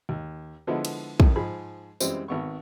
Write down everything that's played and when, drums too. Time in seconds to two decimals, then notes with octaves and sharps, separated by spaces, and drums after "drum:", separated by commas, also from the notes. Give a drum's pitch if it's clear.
0.09 D#2
0.67 D3 F3 G#3 B3 E4
0.85 drum: cymbal
1.20 F2 A2 D#3, drum: kick
1.36 G#2 F3 G#4 B5
2.00 F#2 E3 G3 G#3 C4, drum: tambourine
2.28 G#1 B3 C#6